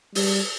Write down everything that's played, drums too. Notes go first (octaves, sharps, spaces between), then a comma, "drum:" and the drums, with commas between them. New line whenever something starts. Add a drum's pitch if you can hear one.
G3, drum: open hi-hat